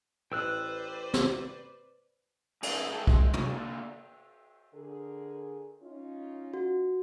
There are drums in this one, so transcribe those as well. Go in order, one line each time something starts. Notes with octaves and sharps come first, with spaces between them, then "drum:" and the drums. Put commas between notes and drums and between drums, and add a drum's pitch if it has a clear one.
A1 B4 C5 D5 G5 E6 F#6
drum: snare
C#4 D#4 G#4 A4 B4, drum: cymbal
G#3 G#4 G5 A5
G#3, drum: kick
D4 D#4 F#4 G#4 A#4 C#5, drum: tom
D3 A#3 D5
D3 G#4 A#4
C#4 D#4 F4
F#4